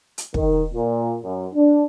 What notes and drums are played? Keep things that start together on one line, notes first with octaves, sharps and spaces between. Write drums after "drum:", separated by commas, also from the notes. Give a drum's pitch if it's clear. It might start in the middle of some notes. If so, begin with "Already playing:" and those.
drum: hi-hat
D#3, drum: kick
A#2
F#2
D4